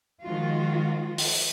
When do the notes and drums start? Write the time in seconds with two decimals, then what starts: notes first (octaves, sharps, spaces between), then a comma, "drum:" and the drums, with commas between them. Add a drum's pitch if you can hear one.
0.24 D#3 F3 G#3 F4 F#4
1.18 drum: open hi-hat